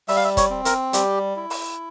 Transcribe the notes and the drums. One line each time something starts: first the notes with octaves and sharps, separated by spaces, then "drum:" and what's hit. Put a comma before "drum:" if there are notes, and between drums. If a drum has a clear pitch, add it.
G3 E5, drum: open hi-hat
F5
E5
C#5, drum: kick, hi-hat
C4
A#4, drum: hi-hat
G3 G4, drum: hi-hat
E4
drum: open hi-hat